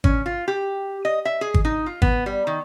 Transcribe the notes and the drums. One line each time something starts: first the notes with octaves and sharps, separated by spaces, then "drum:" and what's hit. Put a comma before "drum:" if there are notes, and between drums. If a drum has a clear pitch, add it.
C#4, drum: kick G#1
F4
G4
D#5
E5
G#4
drum: kick G#1
D#4
F4
B3, drum: kick G#1
G3
D#3